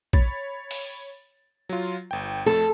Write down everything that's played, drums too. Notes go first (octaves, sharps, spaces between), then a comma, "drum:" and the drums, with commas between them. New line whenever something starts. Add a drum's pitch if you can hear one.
C#5 B5 A6, drum: kick A#1
drum: open hi-hat
F#3 F4
G1 G5
F2 A3 A4